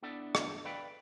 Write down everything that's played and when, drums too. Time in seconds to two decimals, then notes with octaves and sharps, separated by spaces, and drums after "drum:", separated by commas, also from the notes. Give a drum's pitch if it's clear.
0.03 B3 D4 E4 A4 D5 E5
0.35 drum: rim click
0.65 A4 B4 D5 F5 G5 B5